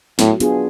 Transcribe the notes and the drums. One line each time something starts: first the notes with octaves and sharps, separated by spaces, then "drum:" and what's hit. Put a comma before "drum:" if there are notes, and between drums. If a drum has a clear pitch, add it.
A2 F#3, drum: snare
B3 D4 F4 G#4, drum: hi-hat